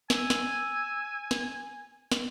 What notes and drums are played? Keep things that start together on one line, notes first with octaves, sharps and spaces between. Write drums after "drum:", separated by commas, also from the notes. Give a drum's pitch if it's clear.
G#5 E6, drum: snare
drum: snare
drum: snare
drum: snare